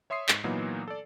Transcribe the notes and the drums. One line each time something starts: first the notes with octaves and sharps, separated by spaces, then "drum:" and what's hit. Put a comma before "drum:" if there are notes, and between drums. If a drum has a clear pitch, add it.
C#5 E5 C6 D#6 C7
G#2, drum: clap
A#2 E3 F#3 A#3 B3 D#4
A4 D5